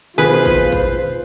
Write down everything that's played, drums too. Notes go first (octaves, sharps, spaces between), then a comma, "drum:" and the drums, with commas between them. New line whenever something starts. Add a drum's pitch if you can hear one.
B2 D#3 F4 G#4 B4 C5
drum: kick A1
drum: kick A1